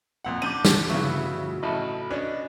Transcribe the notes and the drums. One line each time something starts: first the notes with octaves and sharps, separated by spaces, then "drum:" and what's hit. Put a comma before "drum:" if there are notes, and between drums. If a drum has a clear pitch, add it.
F2 A#2 F#5
F#2 D4 D6 G6 D#7
drum: snare
D2 G2 C#3 F3 F#3 B3 E4 C#6
A1 D#5 A5 B5
C#4 D4 B4 D5 D#5